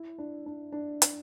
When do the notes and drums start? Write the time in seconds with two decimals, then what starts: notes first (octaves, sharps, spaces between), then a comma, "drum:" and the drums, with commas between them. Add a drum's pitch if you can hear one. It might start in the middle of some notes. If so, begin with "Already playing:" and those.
Already playing: E4
0.18 D4
0.46 D4
0.72 D4
1.02 drum: hi-hat